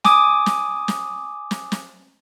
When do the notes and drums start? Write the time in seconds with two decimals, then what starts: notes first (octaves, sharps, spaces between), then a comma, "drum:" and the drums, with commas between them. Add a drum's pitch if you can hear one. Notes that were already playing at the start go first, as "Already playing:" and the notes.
0.04 G#5 D6 D#6, drum: snare
0.46 drum: snare
0.88 drum: snare
1.51 drum: snare
1.72 drum: snare